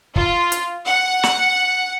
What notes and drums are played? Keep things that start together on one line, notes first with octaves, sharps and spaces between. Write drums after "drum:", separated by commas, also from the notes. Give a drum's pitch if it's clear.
F4, drum: kick
drum: hi-hat
F#5
drum: snare